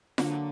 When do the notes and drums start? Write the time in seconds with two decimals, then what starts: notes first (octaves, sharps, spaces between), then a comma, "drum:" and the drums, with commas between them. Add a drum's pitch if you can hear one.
0.18 D3 F#3 A#3 D4, drum: snare F4